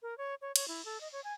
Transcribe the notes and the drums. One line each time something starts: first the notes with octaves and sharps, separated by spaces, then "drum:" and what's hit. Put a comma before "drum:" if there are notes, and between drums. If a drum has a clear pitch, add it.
A#4
C#5
C#5
C#5, drum: cymbal
E4
A4
D#5
C#5
G#5